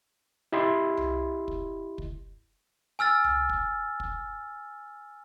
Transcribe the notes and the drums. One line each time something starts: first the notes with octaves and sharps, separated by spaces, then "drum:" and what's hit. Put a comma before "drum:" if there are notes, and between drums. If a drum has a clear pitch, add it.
E4 G4 D#5 E5 B5 C6
drum: tom C2
drum: kick
drum: kick
G#5 E6 F6 A6
drum: tom C2
drum: kick
drum: kick